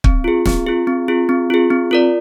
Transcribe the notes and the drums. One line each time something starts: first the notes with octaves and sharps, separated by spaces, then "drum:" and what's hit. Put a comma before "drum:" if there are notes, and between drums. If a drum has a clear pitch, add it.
C4, drum: kick
F4 G#4
C4, drum: snare
F4 G#4
C4
F4 G#4
C4
F4 G#4
C4
F4 A#4 D5